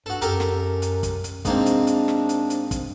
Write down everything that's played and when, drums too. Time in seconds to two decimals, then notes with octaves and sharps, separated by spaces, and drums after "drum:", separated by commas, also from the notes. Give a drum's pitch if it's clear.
0.06 G2 F#4 A4
0.21 F#2 G4 A4 A#4, drum: hi-hat
0.40 drum: snare
0.82 drum: hi-hat
1.03 drum: kick, hi-hat
1.24 drum: hi-hat
1.45 G#2 A#3 C4 D4, drum: kick, hi-hat
1.66 drum: hi-hat
1.87 drum: hi-hat
2.08 drum: snare
2.29 drum: hi-hat
2.50 drum: hi-hat
2.71 drum: kick, hi-hat